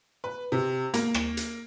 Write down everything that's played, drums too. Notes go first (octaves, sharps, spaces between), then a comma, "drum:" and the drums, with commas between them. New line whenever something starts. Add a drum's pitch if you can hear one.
B4
C3
A#3, drum: hi-hat
drum: rim click
drum: hi-hat